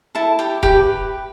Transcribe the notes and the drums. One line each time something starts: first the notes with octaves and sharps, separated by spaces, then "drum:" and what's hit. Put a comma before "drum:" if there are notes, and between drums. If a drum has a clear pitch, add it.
E4 A4 A5
G4 G5
G4 B4 G5, drum: kick E1